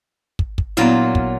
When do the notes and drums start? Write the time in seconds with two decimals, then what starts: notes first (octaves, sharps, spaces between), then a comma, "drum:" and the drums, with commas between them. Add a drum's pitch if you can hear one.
0.39 drum: kick
0.58 drum: kick
0.77 A#2 F#3 B3 E4 F4
1.15 drum: kick